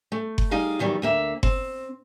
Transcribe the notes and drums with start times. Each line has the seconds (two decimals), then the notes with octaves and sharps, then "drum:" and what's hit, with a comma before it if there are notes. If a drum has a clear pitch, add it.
0.12 A3
0.38 drum: kick F#1
0.51 G3 D#4 G#4 F5
0.79 E2 D#3 F#3 G3
1.02 D2 A#3 E5
1.43 C4, drum: kick F#1